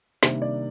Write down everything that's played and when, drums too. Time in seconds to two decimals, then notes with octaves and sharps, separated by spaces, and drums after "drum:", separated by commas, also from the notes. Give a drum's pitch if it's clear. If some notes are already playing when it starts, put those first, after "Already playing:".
0.23 C3 D#3 G3 A#3 D4 C5, drum: snare
0.42 D5